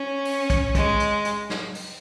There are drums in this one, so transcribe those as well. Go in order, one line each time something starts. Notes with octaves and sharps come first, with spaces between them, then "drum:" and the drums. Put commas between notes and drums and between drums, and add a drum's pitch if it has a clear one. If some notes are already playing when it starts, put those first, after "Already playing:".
Already playing: C#4
drum: open hi-hat
drum: kick, hi-hat
G#3, drum: kick, hi-hat
drum: hi-hat
drum: hi-hat
drum: snare
drum: open hi-hat